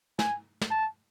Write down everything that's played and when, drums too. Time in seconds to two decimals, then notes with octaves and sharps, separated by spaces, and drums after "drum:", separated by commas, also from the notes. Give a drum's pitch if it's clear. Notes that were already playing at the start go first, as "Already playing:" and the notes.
0.19 G#5, drum: snare
0.61 drum: snare
0.71 A5